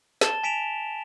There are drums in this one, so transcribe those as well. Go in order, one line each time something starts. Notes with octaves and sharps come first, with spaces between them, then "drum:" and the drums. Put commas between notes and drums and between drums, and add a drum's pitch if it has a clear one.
A5 A6 E7 G7, drum: snare
G#5 B6 D7 E7 F7